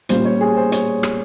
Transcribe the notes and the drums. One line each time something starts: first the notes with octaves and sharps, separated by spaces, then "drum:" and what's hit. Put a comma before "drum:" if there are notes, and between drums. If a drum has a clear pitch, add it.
A#2 G3 C#4 F4 C5, drum: hi-hat
C#5
G#4
C5
C#5, drum: hi-hat
drum: rim click